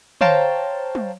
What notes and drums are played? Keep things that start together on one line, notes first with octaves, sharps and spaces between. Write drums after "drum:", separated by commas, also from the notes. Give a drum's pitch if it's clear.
C5 C#5 F5 G5 A5 A#5, drum: tom D3
drum: tom